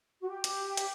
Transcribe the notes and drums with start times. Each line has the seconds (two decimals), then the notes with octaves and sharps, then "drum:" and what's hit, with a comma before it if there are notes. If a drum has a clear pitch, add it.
0.21 F#4
0.28 G4
0.44 drum: hi-hat
0.77 drum: hi-hat